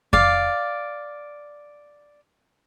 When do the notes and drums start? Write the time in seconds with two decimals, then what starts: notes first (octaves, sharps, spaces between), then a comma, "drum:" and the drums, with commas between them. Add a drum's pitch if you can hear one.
0.13 D5 F5, drum: kick F2